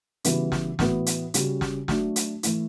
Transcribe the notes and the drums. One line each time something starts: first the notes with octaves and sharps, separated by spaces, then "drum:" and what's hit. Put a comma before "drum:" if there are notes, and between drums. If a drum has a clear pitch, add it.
C#3 E3 G3 B3 F#4, drum: hi-hat
drum: snare
A2 E3 B3 F#4, drum: snare
drum: hi-hat
C#3 G3 C#4 F#4, drum: hi-hat
drum: snare
F#3 A3 D4 F#4, drum: snare
drum: hi-hat
E3 A3 E4, drum: hi-hat